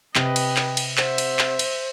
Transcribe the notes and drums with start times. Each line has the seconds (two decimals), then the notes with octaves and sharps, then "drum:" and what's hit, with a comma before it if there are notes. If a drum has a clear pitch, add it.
0.15 C3 B4 D#5 G5, drum: clap
0.36 drum: cymbal
0.57 drum: clap
0.77 drum: cymbal
0.97 C5 E5 F#5, drum: clap
1.18 drum: cymbal
1.39 drum: clap
1.59 drum: cymbal